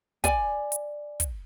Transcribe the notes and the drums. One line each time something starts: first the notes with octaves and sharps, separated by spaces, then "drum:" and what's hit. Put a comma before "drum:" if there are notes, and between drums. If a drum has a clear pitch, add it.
D5 G#5, drum: kick, hi-hat
drum: hi-hat
drum: kick, hi-hat